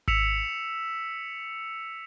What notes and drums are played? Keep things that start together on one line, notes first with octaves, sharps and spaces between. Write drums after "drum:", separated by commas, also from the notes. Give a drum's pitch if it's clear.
E6 B6 C#7 E7 F7, drum: kick G#1